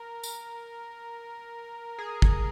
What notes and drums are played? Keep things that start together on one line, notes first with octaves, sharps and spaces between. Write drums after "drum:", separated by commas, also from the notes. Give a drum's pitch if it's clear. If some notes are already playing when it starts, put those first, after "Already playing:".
Already playing: A#4
drum: tambourine
G#4
G#4, drum: kick